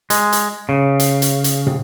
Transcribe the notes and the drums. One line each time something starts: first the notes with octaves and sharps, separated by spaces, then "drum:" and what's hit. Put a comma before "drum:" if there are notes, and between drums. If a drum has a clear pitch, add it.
G#3, drum: hi-hat
drum: hi-hat
C#3
drum: hi-hat
drum: hi-hat
drum: hi-hat
drum: tom